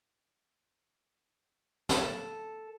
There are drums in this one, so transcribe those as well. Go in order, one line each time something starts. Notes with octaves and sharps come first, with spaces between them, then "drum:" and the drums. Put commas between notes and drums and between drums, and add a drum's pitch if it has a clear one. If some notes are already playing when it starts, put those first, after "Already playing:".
A4, drum: snare